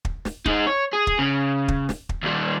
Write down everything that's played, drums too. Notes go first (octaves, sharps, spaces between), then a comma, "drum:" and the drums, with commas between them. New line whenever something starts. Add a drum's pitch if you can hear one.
drum: kick
drum: snare
D#4 G#4, drum: kick
C#5
G#4
drum: kick
C#3
drum: kick
drum: snare
drum: kick
D#2 G3